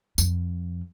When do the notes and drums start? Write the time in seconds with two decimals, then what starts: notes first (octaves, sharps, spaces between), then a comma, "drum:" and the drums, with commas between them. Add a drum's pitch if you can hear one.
0.18 F2, drum: tambourine